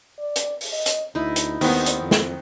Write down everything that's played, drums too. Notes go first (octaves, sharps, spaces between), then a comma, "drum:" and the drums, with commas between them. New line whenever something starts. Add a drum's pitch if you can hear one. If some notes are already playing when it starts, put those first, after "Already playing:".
D5
drum: hi-hat
drum: open hi-hat
D#5
drum: hi-hat
D2 D#4 E4
drum: hi-hat
D#2 D#3 B3 C4, drum: open hi-hat
drum: hi-hat
F2
drum: snare